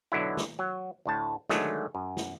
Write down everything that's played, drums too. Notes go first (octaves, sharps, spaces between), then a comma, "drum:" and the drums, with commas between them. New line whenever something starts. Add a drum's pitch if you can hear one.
B1 D3 F#3 E4
drum: snare
F#3
D2 A2 A5
D3 D#3 F#3 G#3 A3, drum: snare
F#2
drum: snare